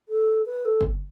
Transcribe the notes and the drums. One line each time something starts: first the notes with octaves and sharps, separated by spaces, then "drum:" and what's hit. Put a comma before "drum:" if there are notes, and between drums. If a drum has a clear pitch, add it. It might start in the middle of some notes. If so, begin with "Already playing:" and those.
A4
B4
A4
drum: kick G1